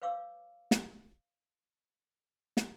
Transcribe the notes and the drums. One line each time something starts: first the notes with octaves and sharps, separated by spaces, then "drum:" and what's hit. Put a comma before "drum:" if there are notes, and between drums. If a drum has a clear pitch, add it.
B4 C#5 F5 D6 E6
drum: snare
drum: snare